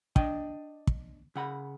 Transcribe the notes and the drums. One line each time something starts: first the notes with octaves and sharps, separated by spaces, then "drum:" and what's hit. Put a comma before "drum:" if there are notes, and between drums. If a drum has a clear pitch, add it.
D4 D#5 G5, drum: kick
drum: kick
C#3 F#5 B5